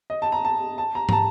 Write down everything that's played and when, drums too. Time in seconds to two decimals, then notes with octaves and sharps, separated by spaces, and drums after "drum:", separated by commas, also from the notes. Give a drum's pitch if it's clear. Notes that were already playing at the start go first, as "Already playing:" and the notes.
0.10 D#5
0.22 A5
0.32 A#5
0.45 A5
0.78 A5
0.95 A#5
1.09 A#5, drum: tom
1.12 A5